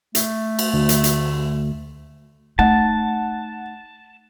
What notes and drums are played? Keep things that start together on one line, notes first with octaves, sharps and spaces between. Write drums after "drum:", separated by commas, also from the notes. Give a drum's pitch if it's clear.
A3, drum: hi-hat
drum: cymbal
D2
drum: hi-hat
drum: hi-hat
A3 D#4 F#5 A5